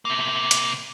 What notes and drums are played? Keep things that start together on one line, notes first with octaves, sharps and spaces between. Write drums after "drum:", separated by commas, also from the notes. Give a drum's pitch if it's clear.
C3 A#3
drum: hi-hat